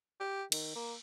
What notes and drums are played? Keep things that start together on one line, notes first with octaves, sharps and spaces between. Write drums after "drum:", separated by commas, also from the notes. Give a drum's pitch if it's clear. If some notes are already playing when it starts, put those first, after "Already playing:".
G4
D#3, drum: cymbal
A#3